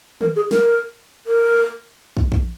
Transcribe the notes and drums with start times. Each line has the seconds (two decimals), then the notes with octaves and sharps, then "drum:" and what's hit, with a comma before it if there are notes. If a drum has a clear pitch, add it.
0.21 A#4, drum: tom D#3
0.36 G#4
0.51 A#4, drum: snare
1.27 A#4
2.17 drum: kick
2.32 drum: kick